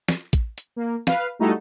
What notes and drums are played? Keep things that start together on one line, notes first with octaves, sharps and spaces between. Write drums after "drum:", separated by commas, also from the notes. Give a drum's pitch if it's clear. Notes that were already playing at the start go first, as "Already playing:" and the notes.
drum: snare
drum: kick A1, hi-hat
drum: hi-hat
A#3
B4 F5, drum: snare
G3 A3 D#4 E4 F#4 A4